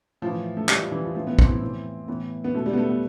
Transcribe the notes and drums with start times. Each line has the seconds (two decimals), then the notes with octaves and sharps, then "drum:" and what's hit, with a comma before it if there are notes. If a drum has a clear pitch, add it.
0.22 A2 E3 F3
0.57 A3
0.69 A2 E3 G3, drum: clap
0.80 F3
0.91 E3
1.04 F3
1.15 A2 E3 F3
1.27 B3
1.39 C4, drum: kick
1.50 E4
1.61 A2 E3 C4
2.08 A2 E3 B3
2.44 B3
2.54 B2 A3
2.66 G3
2.73 B3
2.78 A3
2.90 B3